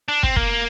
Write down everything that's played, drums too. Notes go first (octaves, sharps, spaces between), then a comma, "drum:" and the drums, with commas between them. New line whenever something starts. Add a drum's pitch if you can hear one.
D4
C4, drum: kick
A#3, drum: kick